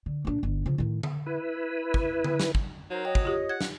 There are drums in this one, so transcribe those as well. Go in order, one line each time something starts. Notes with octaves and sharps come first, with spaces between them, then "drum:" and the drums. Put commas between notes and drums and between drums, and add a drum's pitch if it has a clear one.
D3
A#1 D4
G1
C#3 F3
A2 D#3
drum: tom D3
E4 B4
drum: kick
drum: tom D3
drum: snare
drum: kick
F#3 D#4 A#4 C5
C#5 D#5 G5
drum: kick
F4 G4
F#5 G#6
drum: snare